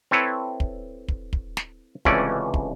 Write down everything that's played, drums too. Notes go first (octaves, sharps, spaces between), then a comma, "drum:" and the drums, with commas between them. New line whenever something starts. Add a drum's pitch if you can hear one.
C4 E4 A4 B4 C#5
drum: kick
drum: kick
drum: kick
drum: snare
C#2 C3 E3 A3 C#4 D5, drum: kick
drum: kick